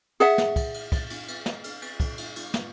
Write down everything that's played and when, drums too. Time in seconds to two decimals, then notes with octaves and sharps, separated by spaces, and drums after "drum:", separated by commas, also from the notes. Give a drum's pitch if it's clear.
0.20 G#4 E5 F#5, drum: cymbal
0.38 drum: snare
0.56 drum: kick, cymbal
0.74 drum: cymbal
0.92 drum: kick, cymbal
1.10 drum: cymbal
1.28 drum: cymbal
1.46 drum: snare
1.64 drum: cymbal
1.82 drum: cymbal
2.00 drum: kick, cymbal
2.18 drum: cymbal
2.36 drum: cymbal
2.54 drum: snare